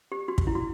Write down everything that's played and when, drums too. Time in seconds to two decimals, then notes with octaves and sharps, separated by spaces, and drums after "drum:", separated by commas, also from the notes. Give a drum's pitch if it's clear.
0.12 G4
0.28 F#4
0.38 drum: kick
0.47 E4
0.55 F#4